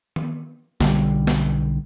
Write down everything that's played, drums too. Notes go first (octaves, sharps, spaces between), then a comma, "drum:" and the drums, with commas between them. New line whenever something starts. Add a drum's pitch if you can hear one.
drum: tom D#3
B1 D3 D#3 G3, drum: snare
drum: snare